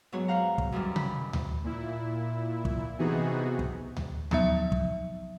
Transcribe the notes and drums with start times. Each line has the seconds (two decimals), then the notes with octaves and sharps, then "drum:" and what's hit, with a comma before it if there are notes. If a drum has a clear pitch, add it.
0.12 G#2 F#3 B3 F#4 C#5
0.28 C5 F5 F#5 A#5
0.58 drum: kick
0.72 F#2 D#3 E3 G3
0.96 B5, drum: tom C3
1.33 drum: tom D2
1.64 A#2 E4
2.65 drum: kick
2.99 C3 E3 B3 D#4 F#4 G#4
3.59 drum: kick
3.97 drum: tom D2
4.31 F3 F#3 B3 D#4 E5, drum: tom D2
4.72 drum: kick